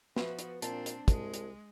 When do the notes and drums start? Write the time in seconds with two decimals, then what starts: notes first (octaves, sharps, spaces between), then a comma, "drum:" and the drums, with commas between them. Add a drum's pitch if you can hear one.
0.16 F3 B3 F#4 B4 E5, drum: snare
0.39 drum: hi-hat
0.62 A#2 C4 D4 A5, drum: hi-hat
0.86 drum: hi-hat
1.08 C2 G#3, drum: kick, hi-hat
1.34 drum: hi-hat